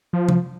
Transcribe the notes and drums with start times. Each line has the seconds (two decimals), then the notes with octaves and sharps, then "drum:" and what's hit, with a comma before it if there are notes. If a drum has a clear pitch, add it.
0.13 F3
0.29 drum: tom C3